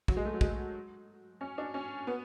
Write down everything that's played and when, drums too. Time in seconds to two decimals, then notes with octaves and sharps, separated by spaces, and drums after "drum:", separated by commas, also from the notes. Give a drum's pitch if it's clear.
0.08 F#3, drum: kick
0.17 G#3
0.25 A3
0.34 F#3
0.41 G#3, drum: kick
1.41 C#4
1.58 D4
1.74 C#4
2.07 B3